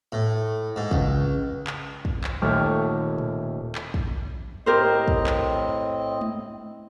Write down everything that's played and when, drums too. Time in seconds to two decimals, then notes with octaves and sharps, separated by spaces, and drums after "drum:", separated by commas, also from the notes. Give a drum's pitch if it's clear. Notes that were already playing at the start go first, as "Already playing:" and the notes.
0.12 A2
0.76 G#2
0.91 C#2, drum: kick
1.67 drum: clap
2.05 drum: kick
2.24 drum: clap
2.42 D#1 A3 G4 C#5 F6
3.18 drum: tom A#2
3.75 drum: clap
3.94 drum: kick
4.66 A2 C4 G4 A#4 C5 D#5
5.08 drum: kick
5.27 drum: clap
6.21 drum: tom G#3